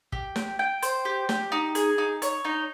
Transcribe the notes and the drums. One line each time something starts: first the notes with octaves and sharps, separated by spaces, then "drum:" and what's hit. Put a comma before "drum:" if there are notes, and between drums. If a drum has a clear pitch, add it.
G4, drum: kick
G5, drum: snare
G5
C5, drum: hi-hat
G4
G4, drum: snare
D#4
G#4, drum: hi-hat
D#4
C#5, drum: hi-hat
D#4